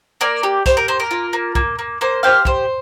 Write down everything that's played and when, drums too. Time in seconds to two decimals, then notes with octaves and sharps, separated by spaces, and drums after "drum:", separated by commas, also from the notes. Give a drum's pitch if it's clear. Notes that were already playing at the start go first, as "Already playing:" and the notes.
0.21 A#3 A#4 D5
0.43 G4
0.66 G4 C5, drum: kick, hi-hat
0.77 A#4
0.88 A#3 C5
1.00 A#4
1.11 F4
1.33 A#3
1.55 A#3, drum: kick
1.79 A#3
2.01 A#3 C5
2.23 G4 C5 F5
2.45 G4 C5, drum: kick